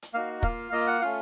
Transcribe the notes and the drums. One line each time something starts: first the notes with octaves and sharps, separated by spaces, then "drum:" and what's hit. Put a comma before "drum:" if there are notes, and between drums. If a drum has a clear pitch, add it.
drum: hi-hat
A#3 D#4 F#4 F5
A#3 F4 F5, drum: kick
A#3 F4 D#5
F#5
A3 C#4 F4 F5